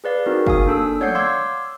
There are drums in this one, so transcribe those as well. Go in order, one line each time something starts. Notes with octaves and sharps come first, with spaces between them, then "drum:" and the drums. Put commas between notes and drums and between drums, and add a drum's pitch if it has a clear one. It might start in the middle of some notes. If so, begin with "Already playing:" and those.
G#4 B4 D5 F5
C4 D#4 F#4 G#4 A#4
F5 G#5 D#6, drum: kick
A#3 D4 A4 E6
C#5 D5 F#5 G6 C7, drum: tom
F5 C6 D6 E6 G#6